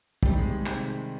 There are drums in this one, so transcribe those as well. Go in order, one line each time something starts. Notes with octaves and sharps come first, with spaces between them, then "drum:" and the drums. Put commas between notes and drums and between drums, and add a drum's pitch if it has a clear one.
C3 D#3 G3, drum: kick
G#3
G#3
C3 D#3, drum: clap